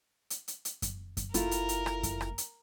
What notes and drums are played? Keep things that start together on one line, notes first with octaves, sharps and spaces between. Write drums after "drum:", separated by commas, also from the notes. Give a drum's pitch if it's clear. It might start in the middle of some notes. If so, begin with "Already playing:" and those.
drum: hi-hat
drum: hi-hat
drum: hi-hat
drum: kick F#2, hi-hat
drum: kick F#2, hi-hat
F#1 A3 E4 F4 A#4, drum: hi-hat
drum: hi-hat
drum: hi-hat
drum: rim click
drum: kick F#2, hi-hat
drum: rim click
drum: hi-hat